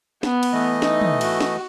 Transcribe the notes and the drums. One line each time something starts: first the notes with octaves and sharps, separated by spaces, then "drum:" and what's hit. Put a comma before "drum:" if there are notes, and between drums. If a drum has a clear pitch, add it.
B3, drum: snare
drum: cymbal
E3 A3 D#5
D#4, drum: snare
drum: tom
F#4, drum: cymbal
drum: snare